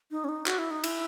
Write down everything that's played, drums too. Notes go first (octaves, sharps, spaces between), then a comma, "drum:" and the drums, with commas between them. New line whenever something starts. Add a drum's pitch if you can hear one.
D#4
C#4
D#4
F#4, drum: clap
E4
D#4
E4, drum: cymbal